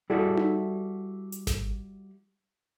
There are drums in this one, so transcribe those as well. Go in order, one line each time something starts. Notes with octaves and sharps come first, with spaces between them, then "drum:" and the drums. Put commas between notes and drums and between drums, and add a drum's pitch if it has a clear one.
G3 E4 F#4 G#4 A4
drum: tom D#4
drum: hi-hat
drum: snare G#1